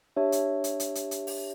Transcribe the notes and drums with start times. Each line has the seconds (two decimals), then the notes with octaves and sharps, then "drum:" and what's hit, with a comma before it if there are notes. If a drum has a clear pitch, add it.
0.16 D4 G4 C#5 E5 A5
0.32 drum: hi-hat
0.64 drum: hi-hat
0.80 drum: hi-hat
0.95 drum: hi-hat
1.11 drum: hi-hat
1.27 drum: open hi-hat